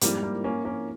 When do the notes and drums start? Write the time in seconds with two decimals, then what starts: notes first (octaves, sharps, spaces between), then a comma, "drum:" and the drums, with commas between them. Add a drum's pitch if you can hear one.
0.01 G#2 F3 G3 A#3 C4 E4 A#4, drum: hi-hat
0.23 G3 A#3
0.44 A#3 C#4
0.65 A#3 C#4